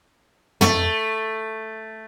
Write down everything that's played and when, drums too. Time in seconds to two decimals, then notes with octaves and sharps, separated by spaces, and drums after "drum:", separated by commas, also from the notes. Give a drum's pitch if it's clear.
0.61 A3, drum: tom